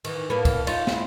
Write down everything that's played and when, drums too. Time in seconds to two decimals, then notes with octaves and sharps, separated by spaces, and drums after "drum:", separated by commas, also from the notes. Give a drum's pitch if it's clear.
0.04 D#3 E3, drum: cymbal
0.30 A2 A#3 B3
0.45 drum: kick, cymbal
0.67 D#4 F4 C#5, drum: cymbal
0.87 C4 E4, drum: snare